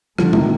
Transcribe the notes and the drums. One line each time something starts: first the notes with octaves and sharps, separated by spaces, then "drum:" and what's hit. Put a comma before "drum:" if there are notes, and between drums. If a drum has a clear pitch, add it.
A#2 D3 F3, drum: rim click
C3 D#3, drum: tom